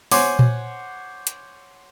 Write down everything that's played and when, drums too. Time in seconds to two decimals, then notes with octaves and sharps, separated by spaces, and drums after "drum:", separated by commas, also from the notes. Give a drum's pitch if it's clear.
0.11 C5 C#5 F#5 G#5 C6 D6, drum: open hi-hat
0.39 drum: tom A#2
1.27 drum: hi-hat